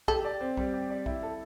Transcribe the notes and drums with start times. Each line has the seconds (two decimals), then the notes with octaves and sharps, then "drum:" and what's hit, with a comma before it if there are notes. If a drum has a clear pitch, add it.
0.08 G4 A4, drum: kick A#1
0.25 D5
0.41 C4
0.57 G3, drum: kick A#1
0.73 G4
0.90 D5
1.06 E4, drum: kick A#1
1.23 A4